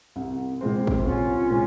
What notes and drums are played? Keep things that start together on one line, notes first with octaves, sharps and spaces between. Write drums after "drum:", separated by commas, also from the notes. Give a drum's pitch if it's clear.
C2
A#2 G#3 C4
drum: kick
C2 C#4 F4
A#2 G#3 C4